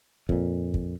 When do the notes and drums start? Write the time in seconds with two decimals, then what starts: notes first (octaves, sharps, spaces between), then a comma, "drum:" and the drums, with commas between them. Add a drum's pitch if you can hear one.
0.29 F2 A#2, drum: kick
0.74 drum: kick